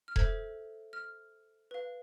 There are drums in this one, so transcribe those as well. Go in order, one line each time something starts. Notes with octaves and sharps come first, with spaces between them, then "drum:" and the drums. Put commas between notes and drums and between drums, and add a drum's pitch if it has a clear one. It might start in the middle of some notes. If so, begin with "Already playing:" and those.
F6
A4 C5 E5 G#6, drum: kick E1
F6
B4 F5